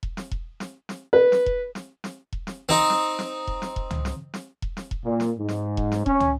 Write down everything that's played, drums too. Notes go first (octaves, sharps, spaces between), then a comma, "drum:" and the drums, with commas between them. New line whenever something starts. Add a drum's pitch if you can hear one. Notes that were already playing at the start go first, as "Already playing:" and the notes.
drum: kick E1
drum: snare
drum: kick E1
drum: snare
drum: snare
B4
drum: snare
drum: kick E1
drum: snare
drum: snare
drum: kick E1
drum: snare
C4 D#4
drum: snare
drum: snare
drum: kick E1
drum: snare
drum: kick E1
drum: tom
drum: snare
drum: snare
drum: kick E1
drum: snare
drum: kick E1
A#2
drum: snare
G#2
drum: snare
drum: kick E1
drum: snare
C#4, drum: kick E1
drum: tom